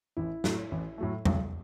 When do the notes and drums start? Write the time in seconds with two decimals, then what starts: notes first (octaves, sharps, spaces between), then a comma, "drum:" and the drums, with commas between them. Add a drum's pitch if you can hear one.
0.17 A1 E4
0.44 A2 F#3 A3, drum: snare
0.71 A1
0.98 A2 F#3 A3
1.25 B1, drum: tom E2